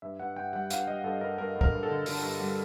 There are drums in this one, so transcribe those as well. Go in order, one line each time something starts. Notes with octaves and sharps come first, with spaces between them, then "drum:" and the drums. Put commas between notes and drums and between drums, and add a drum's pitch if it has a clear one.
G2 E5
G2 F#5
G2 G5
G3 F#5
G2 F5, drum: hi-hat
G3 D#5
G2 A4
G2 A#4
G2 A#4
G2
A#4, drum: kick
G2
A4
D3
D3, drum: open hi-hat
G2
G3